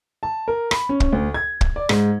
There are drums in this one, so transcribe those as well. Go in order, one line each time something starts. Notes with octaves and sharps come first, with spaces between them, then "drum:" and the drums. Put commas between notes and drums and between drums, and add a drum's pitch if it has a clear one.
A5
A#4
B5, drum: rim click
C#4
drum: kick
D2
G#6
drum: kick
D5
G#2, drum: rim click